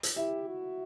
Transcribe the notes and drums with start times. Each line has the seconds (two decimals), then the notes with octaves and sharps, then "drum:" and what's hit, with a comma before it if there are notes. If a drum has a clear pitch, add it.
0.03 drum: hi-hat
0.16 E4 G4 E5
0.48 F#4